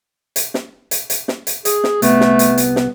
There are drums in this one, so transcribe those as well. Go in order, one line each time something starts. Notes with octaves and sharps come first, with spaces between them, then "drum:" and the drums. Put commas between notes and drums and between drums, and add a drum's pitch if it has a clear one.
drum: hi-hat
drum: snare
drum: hi-hat
drum: hi-hat
drum: snare
drum: hi-hat
G#4, drum: hi-hat
drum: snare
C2 A3 B3, drum: hi-hat
drum: snare
drum: hi-hat
drum: hi-hat
drum: snare